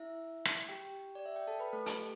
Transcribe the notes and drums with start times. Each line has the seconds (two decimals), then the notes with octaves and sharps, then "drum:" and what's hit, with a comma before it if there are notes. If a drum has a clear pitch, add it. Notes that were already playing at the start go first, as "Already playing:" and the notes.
Already playing: E4 E5
0.45 drum: rim click
0.69 G4 G5
1.15 D5
1.26 E5
1.36 G5
1.47 A4 A5
1.59 B4 B5
1.73 A3 A4
1.86 G4, drum: hi-hat